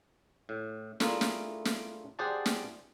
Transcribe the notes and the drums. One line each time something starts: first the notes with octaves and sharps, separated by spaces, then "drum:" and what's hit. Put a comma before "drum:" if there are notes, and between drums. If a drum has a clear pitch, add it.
A2
A3 D4 E4 F4 G#4 A#4, drum: snare
drum: snare
drum: snare
G4 G#4 C5 D5 F#5 A5
drum: snare